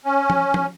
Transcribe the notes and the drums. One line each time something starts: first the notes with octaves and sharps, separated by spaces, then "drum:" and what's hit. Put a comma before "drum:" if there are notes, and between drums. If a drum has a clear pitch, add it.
C#4
drum: tom
drum: tom